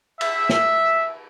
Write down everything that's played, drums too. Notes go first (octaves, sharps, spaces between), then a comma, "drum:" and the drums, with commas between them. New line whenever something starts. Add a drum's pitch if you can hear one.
E5, drum: cymbal
drum: snare